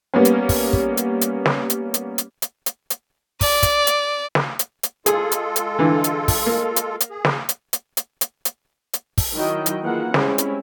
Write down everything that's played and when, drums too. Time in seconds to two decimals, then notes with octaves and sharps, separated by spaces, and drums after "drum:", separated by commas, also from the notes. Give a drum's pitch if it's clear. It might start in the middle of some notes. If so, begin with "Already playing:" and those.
0.14 G3 A#3 B3 C#4
0.25 drum: hi-hat
0.49 drum: kick, open hi-hat
0.73 drum: kick
0.97 drum: hi-hat
1.21 drum: hi-hat
1.46 drum: snare
1.70 drum: hi-hat
1.94 drum: hi-hat
2.18 drum: hi-hat
2.42 drum: hi-hat
2.66 drum: hi-hat
2.90 drum: hi-hat
3.41 D5, drum: kick, open hi-hat
3.63 drum: kick, hi-hat
3.87 drum: hi-hat
4.35 drum: snare
4.59 drum: hi-hat
4.83 drum: hi-hat
5.06 G#3 F4 G#4 A4, drum: hi-hat
5.32 drum: hi-hat
5.56 drum: hi-hat
5.79 D3 E3
6.04 drum: hi-hat
6.28 drum: kick, open hi-hat
6.46 A#3
6.76 drum: hi-hat
7.00 drum: hi-hat
7.10 G#4
7.25 drum: snare
7.49 drum: hi-hat
7.73 drum: hi-hat
7.97 drum: hi-hat
8.21 drum: hi-hat
8.45 drum: hi-hat
8.93 drum: hi-hat
9.18 drum: kick, open hi-hat
9.33 D#3 F#3 E4 F#4 D#5 G5
9.66 drum: hi-hat
9.81 D#3 E3 A#3 F4 G#4 F#5
10.14 G3 G#3 C4 C#4 E4, drum: snare
10.38 drum: hi-hat